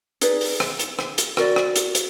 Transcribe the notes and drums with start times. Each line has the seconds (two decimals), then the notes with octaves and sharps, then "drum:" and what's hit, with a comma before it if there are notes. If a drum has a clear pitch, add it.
0.21 D#4 G#4 B4 D5, drum: hi-hat
0.41 drum: open hi-hat
0.60 drum: rim click
0.79 drum: hi-hat
0.99 drum: rim click
1.18 drum: hi-hat
1.37 F#4 A#4 D5, drum: rim click
1.56 drum: rim click
1.76 drum: hi-hat
1.95 drum: hi-hat